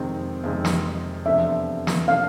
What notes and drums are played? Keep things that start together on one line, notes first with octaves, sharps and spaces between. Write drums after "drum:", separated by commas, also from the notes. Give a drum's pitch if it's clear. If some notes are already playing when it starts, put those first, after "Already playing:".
Already playing: F2 C3 D#3 G#3 C4
F2 C3 D#3 G#3 C4
drum: snare
E2 C3 F3 A3 D4 E5
drum: snare
C3 F3 A3 D4 F5